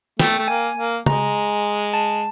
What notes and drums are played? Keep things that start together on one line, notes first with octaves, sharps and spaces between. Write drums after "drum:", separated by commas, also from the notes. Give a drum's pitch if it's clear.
A3 G5, drum: snare
A3
A#3 G#5
A#3
G#3 A#5, drum: tom
A5